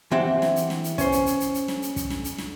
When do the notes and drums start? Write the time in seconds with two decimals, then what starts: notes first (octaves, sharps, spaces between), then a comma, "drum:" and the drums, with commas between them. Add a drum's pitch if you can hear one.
0.11 E3 C4 G4 E5 F#5
0.42 drum: snare
0.56 drum: hi-hat
0.70 drum: snare
0.84 drum: hi-hat
0.98 C#4 C5, drum: kick, hi-hat
1.12 drum: hi-hat
1.26 drum: hi-hat
1.40 drum: hi-hat
1.54 drum: hi-hat
1.68 drum: snare
1.82 drum: hi-hat
1.96 drum: kick, hi-hat
2.10 drum: snare
2.24 drum: hi-hat
2.38 drum: snare